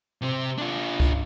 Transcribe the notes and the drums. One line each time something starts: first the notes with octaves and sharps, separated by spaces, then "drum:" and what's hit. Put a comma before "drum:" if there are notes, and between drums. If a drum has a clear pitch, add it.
C3 C4
D4 F4
drum: kick C2